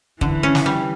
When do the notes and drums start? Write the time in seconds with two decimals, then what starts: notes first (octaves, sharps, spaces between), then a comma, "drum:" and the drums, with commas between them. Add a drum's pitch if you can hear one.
0.21 D3 E3, drum: kick
0.43 C#4
0.55 drum: snare
0.66 G3